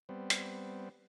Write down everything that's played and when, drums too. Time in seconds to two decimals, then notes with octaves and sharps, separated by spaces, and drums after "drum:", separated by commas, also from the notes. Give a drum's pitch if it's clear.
0.09 G3 B3 C4
0.30 drum: hi-hat